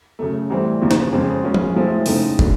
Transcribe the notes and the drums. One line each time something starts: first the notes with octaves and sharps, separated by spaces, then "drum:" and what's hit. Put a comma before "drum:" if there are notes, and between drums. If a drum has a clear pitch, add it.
C#3 F#3 A3
A2 E3 G3 C4
D#2 C#3 F3 A#3
drum: snare
F2 C#3 F3 G#3 C4
B2 G#3 C#4 F4
drum: tom F3
A2 F3 G#3 C4 E4
C#3 F3 A3 C4 D#4, drum: open hi-hat
D3 F#3, drum: kick